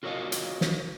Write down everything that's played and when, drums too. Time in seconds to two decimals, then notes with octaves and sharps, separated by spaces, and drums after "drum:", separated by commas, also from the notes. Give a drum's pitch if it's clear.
0.03 F4 F#4 A#4 C#5 D#5 F5
0.32 drum: hi-hat
0.61 drum: snare